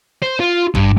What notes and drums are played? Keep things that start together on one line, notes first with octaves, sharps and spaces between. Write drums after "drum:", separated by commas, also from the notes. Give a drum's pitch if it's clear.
C5
F4
G2, drum: kick